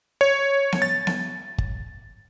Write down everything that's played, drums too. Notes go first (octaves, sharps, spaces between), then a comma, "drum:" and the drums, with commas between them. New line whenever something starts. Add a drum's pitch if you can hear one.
C#5
drum: snare B3
A6
drum: snare B3
drum: kick G1